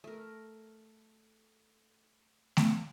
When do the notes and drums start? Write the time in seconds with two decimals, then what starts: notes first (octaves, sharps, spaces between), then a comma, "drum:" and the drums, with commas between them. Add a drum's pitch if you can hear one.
0.04 A3 A#4
2.57 drum: snare A3